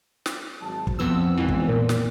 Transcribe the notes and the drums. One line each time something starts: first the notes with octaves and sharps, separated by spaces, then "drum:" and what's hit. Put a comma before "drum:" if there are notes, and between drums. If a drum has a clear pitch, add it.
drum: snare
G#1 F#3 A5
drum: kick
F2 F3 B3 E6
G#1 F2 E3
drum: kick
A#2 A#3 A#4
drum: snare